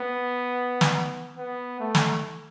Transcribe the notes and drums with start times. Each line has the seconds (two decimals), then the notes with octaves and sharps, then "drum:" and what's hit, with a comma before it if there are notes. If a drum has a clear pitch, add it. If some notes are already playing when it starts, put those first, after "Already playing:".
Already playing: B3
0.81 drum: snare
1.38 B3
1.80 A3
1.95 drum: snare